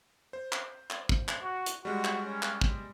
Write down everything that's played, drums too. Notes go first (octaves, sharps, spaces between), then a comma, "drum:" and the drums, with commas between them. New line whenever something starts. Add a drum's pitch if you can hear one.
C5
drum: clap
drum: clap
drum: kick
drum: clap
F#4
drum: hi-hat
G3 G#3 F#4
drum: clap
C#4
drum: clap
drum: kick